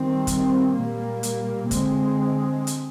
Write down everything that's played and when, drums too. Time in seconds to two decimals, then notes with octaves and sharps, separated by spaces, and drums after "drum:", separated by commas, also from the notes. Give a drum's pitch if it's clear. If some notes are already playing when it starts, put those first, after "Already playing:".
Already playing: D#3 G3 C4
0.27 drum: kick, hi-hat
0.75 A#2 G3 A#3
1.23 drum: hi-hat
1.71 D3 G#3 C4, drum: kick, hi-hat
2.67 drum: hi-hat